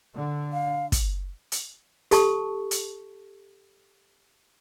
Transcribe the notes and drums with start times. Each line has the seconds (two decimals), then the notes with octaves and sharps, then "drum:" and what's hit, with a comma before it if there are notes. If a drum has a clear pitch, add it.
0.15 D3
0.53 F5
0.92 drum: kick, hi-hat
1.52 drum: hi-hat
2.11 G4 A4 A5 C#6, drum: hi-hat
2.71 drum: hi-hat